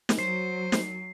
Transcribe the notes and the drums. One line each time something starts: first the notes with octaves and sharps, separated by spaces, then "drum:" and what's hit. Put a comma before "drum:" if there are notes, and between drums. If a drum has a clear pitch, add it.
drum: snare
F#3 C5 C7
drum: snare